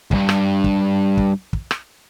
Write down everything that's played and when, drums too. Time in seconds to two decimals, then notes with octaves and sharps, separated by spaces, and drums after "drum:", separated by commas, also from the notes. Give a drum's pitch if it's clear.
0.11 C#2 G2, drum: kick
0.29 drum: rim click
0.64 drum: kick
1.17 drum: kick
1.53 drum: kick
1.71 drum: rim click